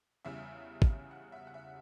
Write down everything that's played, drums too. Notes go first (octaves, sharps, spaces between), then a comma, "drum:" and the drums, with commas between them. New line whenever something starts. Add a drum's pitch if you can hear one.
E2 C#3 G3 E5
drum: kick
F#5
E5
F#5
E5